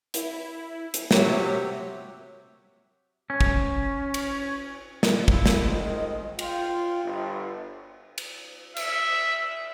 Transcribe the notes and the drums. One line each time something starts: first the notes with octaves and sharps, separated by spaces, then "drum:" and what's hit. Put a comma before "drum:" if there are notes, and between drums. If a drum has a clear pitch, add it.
E4, drum: hi-hat
drum: hi-hat
C3 F#3 G4 C#5 E5, drum: snare
C#4
drum: kick
drum: cymbal
drum: snare
E4 F4, drum: kick
drum: snare
F2 D#3 G#3
F4 G5, drum: cymbal
G1
drum: cymbal
E5, drum: cymbal